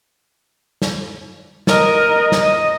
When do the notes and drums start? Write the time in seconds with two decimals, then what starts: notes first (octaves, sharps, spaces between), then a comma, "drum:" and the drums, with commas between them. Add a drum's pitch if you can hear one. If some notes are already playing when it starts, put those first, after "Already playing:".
0.82 drum: snare
1.67 A#4 D#5, drum: snare
2.32 drum: snare
2.42 D#5